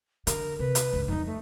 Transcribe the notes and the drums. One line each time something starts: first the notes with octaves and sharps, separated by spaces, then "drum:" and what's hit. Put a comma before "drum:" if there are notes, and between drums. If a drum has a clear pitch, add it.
D3 A#4, drum: hi-hat
C3 B4
drum: hi-hat
C#2 G2
F2 G3 D#4
A3